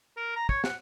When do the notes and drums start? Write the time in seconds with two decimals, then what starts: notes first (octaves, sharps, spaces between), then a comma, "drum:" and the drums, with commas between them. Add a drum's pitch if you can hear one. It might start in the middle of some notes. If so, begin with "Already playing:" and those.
0.17 A#4
0.36 A#5
0.49 C#5, drum: kick
0.64 F#5, drum: snare